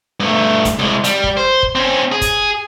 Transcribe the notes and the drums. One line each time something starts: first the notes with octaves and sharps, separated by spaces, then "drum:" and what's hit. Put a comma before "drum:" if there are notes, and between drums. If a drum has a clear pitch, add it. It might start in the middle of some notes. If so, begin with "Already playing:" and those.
G2 A3
drum: kick, hi-hat
C2 G#3
G3, drum: hi-hat
drum: kick
C5
drum: kick
C4 C#4
G#4
drum: kick, hi-hat